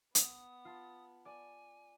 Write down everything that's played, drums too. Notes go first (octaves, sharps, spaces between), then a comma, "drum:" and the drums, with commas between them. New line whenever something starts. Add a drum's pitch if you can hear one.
B3 D#6, drum: hi-hat
F4 A5
D5 G#5